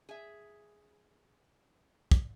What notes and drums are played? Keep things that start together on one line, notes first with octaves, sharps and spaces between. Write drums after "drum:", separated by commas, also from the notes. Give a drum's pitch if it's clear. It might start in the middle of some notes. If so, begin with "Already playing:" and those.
G#4 E5
drum: kick